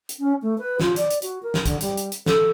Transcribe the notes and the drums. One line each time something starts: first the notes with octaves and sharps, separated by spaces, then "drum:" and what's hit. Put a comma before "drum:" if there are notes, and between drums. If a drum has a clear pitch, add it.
drum: hi-hat
C#4
A3
B4
F4, drum: snare
D5, drum: hi-hat
drum: hi-hat
F#4, drum: hi-hat
A#4
drum: snare
D3, drum: kick, hi-hat
G3, drum: hi-hat
drum: hi-hat
drum: hi-hat
A4, drum: snare